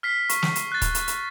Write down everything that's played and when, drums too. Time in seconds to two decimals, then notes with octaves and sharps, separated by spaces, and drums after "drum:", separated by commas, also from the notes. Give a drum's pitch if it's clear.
0.03 F6 B6 C7
0.29 C#6, drum: hi-hat
0.42 drum: snare
0.56 drum: hi-hat
0.72 F#6 A6
0.82 drum: kick, hi-hat
0.95 drum: hi-hat
1.08 drum: hi-hat